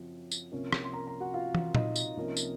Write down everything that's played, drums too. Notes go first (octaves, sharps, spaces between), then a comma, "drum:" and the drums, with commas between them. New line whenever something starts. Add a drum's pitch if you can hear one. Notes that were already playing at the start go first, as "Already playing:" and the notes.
Already playing: F#2 C#3 F3 C4
drum: tambourine
C2 C3 F3 A#3 C#4
drum: rim click
C6
A#4 A#5
A#4 A#5
F#4 F#5
F4 F5
drum: tom
D#4 D#5, drum: tom A#2
drum: tambourine
C2 C3 F3 A#3 C#4
drum: tambourine